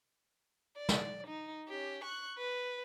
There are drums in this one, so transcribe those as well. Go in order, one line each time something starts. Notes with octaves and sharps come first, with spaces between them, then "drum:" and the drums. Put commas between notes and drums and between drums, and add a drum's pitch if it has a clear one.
D5
drum: snare
D#4
C#4 G4
C#6 F#6
B4